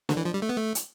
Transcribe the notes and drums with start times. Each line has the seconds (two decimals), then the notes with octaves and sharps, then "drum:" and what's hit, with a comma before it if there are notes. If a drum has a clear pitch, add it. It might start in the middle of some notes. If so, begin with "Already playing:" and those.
0.09 D3, drum: snare
0.17 E3
0.25 F3
0.34 G3
0.42 A3
0.49 B3
0.57 A3
0.75 drum: hi-hat